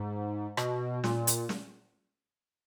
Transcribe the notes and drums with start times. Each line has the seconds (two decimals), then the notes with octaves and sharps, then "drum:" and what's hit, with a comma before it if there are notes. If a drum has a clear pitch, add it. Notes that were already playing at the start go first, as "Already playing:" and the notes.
Already playing: G#2
0.57 B2, drum: rim click
1.04 A#2, drum: snare
1.27 drum: hi-hat
1.49 drum: snare